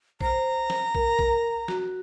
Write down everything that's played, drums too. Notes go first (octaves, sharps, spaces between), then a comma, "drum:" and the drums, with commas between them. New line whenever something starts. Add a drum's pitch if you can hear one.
C5 A#5, drum: kick A#1
drum: snare
A#4, drum: kick A#1
drum: kick A#1
F#4, drum: snare